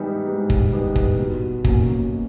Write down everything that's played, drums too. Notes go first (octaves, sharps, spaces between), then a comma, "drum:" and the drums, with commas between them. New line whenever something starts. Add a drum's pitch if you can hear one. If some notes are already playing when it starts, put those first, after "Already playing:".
Already playing: G#2 E3 G3 B3 D#4
G#2
drum: kick
E3 G3 B3 D#4
drum: kick
B2
F#3 A#3 C#4 F#4, drum: kick
B2